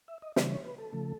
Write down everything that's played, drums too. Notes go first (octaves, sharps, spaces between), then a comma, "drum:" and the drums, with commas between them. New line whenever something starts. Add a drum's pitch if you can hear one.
E5
D#5
C#3 E3 G3 D5, drum: snare
C#5
B4
A4
C#3 F3 A3